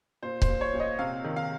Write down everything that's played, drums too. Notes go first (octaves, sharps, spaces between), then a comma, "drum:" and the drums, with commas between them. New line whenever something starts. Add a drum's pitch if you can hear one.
A#2 C5
C5, drum: kick C#1
A#2
C#5
A#2
D#5
C3 F5
D#3
F5